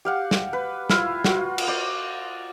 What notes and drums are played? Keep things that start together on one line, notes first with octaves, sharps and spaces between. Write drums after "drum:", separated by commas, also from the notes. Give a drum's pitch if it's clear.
G4 F5 F#5
drum: snare
B4
E4 F4 F5, drum: snare
F4 F#4, drum: snare
drum: cymbal
C5 D5